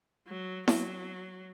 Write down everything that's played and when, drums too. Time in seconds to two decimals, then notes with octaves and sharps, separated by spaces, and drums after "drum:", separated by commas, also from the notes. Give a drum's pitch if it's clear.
0.27 F#3
0.68 F#3, drum: snare E4